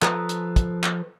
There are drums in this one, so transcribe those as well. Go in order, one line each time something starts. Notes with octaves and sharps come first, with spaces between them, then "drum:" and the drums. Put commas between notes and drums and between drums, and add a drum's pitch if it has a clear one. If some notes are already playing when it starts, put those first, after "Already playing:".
F3 A4 B4 A#5 D#6, drum: clap
drum: hi-hat
drum: kick, hi-hat
drum: clap